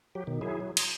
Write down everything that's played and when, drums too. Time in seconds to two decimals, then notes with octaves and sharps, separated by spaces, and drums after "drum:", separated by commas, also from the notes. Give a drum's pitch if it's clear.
0.15 F#3 G4
0.27 B2 D#3
0.41 F#3 E4 G#4
0.60 F#3
0.77 A#5 C6 D#6 G#6, drum: cymbal